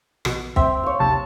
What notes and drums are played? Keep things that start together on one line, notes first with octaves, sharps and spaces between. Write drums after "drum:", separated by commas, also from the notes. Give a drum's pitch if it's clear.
A#1 B2, drum: rim click
C4 E5 G5, drum: kick
C#5 F5
A#1 D#2 C3 A5